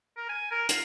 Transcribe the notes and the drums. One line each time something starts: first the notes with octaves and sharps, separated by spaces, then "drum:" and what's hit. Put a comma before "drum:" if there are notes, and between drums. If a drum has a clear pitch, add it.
A#4
G#5
A#4
F4, drum: hi-hat